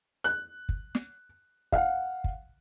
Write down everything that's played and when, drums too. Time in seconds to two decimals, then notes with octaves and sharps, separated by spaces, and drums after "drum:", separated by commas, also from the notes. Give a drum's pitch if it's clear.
0.24 F#6
0.69 drum: kick
0.95 drum: snare
1.72 F5 F#5, drum: kick
2.24 drum: kick